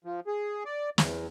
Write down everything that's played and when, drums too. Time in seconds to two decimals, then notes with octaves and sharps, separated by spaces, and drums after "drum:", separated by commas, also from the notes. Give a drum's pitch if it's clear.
0.05 F3
0.27 G#4
0.65 D5
0.98 E2, drum: snare